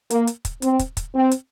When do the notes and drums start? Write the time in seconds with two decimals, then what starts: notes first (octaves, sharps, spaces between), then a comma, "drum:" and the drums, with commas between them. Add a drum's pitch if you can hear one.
0.10 A#3, drum: hi-hat
0.27 drum: hi-hat
0.45 drum: kick, hi-hat
0.62 C4, drum: hi-hat
0.79 drum: kick, hi-hat
0.97 drum: kick, hi-hat
1.14 C4
1.31 drum: hi-hat